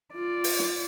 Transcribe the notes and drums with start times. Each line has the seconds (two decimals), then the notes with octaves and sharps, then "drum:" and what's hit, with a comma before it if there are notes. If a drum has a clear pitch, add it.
0.14 F4 D5
0.44 drum: open hi-hat
0.59 drum: snare